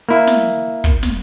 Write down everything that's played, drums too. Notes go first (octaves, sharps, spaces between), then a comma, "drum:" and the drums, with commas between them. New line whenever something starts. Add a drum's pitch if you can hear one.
A#3 E4
drum: snare
drum: kick
drum: snare